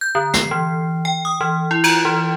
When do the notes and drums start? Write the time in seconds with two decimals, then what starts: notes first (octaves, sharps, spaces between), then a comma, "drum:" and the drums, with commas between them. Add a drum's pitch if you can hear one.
0.01 G6
0.15 D3
0.34 C7, drum: snare
0.51 E3
1.05 G5
1.25 D#6
1.41 E3
1.71 E4
1.84 F4, drum: cymbal
2.05 E3